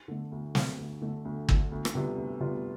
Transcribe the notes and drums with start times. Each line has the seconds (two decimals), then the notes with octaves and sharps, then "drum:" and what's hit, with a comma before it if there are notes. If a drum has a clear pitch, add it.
0.08 D3 A3
0.32 D2
0.55 D3 A3, drum: snare
0.78 D2
1.02 D3 A3
1.25 D2
1.49 D3 A3, drum: kick
1.72 D2
1.85 drum: rim click
1.94 C3 G3 B3 F4
2.18 D2
2.40 C3 G3 B3 F4